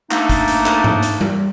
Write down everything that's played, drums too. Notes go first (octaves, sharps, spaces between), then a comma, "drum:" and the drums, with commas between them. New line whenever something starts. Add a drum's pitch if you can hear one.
A3 A#3 D4 D#4, drum: clap
drum: kick F#1, hi-hat
drum: hi-hat
drum: clap
drum: tom G#2
drum: hi-hat
drum: tom G3